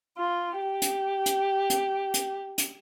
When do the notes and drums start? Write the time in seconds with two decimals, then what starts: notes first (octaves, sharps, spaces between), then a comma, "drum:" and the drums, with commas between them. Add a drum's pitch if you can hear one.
0.19 F4
0.60 G4
0.82 drum: hi-hat
1.26 drum: hi-hat
1.70 drum: hi-hat
2.14 drum: hi-hat
2.58 drum: hi-hat